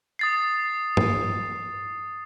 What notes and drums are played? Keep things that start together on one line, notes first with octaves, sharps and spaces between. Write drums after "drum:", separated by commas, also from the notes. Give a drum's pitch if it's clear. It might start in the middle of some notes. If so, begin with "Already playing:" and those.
D#6 A6 C7
drum: tom G2